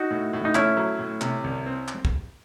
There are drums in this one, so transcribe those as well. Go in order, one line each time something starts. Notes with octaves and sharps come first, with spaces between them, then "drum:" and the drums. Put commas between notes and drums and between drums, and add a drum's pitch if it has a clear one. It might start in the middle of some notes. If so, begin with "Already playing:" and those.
Already playing: D#4 F#4
A2
A2
D#4
A3 C#4 E4, drum: clap
F#3
A2
C3, drum: clap
C2
C4
drum: clap
drum: kick